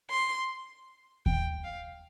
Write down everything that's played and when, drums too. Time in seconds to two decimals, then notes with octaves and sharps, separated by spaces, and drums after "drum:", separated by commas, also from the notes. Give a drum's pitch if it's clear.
0.10 C6
1.26 G5, drum: kick D#2
1.64 F5